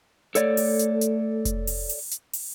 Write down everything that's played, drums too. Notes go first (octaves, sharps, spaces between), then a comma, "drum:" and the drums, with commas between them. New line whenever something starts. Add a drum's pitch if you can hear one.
A3 A4 C#5 D5, drum: hi-hat
drum: open hi-hat
drum: hi-hat
drum: hi-hat
drum: kick F1, hi-hat
drum: open hi-hat
drum: open hi-hat
drum: hi-hat
drum: open hi-hat